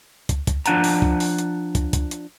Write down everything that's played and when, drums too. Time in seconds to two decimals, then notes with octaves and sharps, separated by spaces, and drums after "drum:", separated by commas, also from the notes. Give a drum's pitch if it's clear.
0.29 drum: kick, hi-hat
0.47 drum: kick, hi-hat
0.66 F3 D4 F#5 A5 A#5, drum: hi-hat
0.84 drum: open hi-hat
1.02 drum: kick
1.20 drum: open hi-hat
1.38 drum: hi-hat
1.75 drum: kick, hi-hat
1.93 drum: kick, hi-hat
2.11 drum: hi-hat